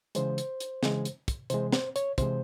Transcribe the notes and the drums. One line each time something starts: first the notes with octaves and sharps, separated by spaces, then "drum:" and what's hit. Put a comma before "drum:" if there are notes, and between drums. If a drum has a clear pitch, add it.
C#3 E3 G#3 C5, drum: hi-hat
drum: hi-hat
drum: hi-hat
C#3 E3 G#3, drum: snare
drum: hi-hat
drum: kick, hi-hat
C3 E3 G#3 C5, drum: hi-hat
C5, drum: snare
C#5, drum: hi-hat
C3 E3 G#3 C5, drum: kick, hi-hat